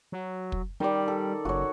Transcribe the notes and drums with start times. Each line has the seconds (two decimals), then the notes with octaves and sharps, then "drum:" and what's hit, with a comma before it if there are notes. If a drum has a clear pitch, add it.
0.12 F#3
0.52 drum: kick
0.80 D#3 G3 D5
1.08 A4
1.45 F#1 F#4 C#5